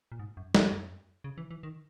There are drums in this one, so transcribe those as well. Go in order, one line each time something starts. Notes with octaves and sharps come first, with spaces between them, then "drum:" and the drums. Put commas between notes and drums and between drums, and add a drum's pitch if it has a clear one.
A#2
G#2
F#2
F#2, drum: snare
F#2
C#3
E3
E3
D#3